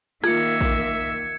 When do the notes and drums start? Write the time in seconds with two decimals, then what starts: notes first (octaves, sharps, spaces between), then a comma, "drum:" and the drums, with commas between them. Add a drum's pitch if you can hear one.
0.24 D#3 A#3 F4 E5 G#6 C#7, drum: rim click
0.61 drum: kick